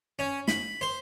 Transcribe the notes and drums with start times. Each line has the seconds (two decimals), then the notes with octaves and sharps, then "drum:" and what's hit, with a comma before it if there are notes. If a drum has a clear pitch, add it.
0.19 C#4
0.48 B5, drum: snare
0.81 C5